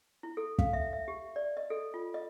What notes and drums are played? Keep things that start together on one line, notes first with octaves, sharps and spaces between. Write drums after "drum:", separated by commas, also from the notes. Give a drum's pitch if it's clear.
E4
A4
F5, drum: kick
E5
E5
G4
D5
D#5
A4
F4
D#5